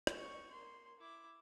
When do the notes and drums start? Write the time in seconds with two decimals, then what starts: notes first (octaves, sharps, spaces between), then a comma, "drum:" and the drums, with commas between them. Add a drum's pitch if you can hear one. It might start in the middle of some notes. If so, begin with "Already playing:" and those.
0.07 drum: rim click
0.16 C#6
0.51 A#3 C6
1.00 E4 D6